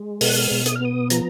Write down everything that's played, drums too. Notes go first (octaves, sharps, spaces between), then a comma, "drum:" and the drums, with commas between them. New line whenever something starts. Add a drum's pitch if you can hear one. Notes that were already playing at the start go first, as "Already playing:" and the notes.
Already playing: G#3
B2 F6, drum: open hi-hat
F#6
F6
B2
D#6, drum: hi-hat
F6
B3 D#6
F3 A#5, drum: hi-hat